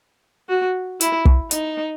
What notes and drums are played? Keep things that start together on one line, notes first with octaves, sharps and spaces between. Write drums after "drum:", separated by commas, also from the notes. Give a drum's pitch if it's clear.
F#4
E4, drum: hi-hat
drum: kick
D#4, drum: hi-hat